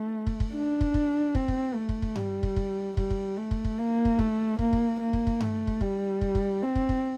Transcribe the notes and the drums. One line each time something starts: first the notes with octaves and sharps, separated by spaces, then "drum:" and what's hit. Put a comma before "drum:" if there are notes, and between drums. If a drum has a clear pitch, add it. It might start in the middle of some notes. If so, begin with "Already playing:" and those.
Already playing: A3
drum: kick
drum: kick
D4
drum: kick
drum: kick
C4, drum: kick
drum: kick
A3
drum: kick
drum: kick
G3, drum: tom G2
drum: kick
drum: kick
G3, drum: kick
drum: kick
A3
drum: kick
drum: kick
A#3
drum: kick
A3, drum: kick
A#3, drum: kick
drum: kick
A#3
drum: kick
drum: kick
A3, drum: tom G2
drum: kick
G3, drum: kick
drum: kick
drum: kick
C4
drum: kick
drum: kick